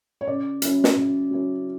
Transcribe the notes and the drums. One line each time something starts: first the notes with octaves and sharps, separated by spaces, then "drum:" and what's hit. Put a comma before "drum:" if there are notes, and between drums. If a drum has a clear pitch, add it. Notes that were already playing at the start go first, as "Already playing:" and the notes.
C#5
C#3 D5
F#3 C#4 E4, drum: hi-hat
drum: snare
C#3
F#3 C#4 E4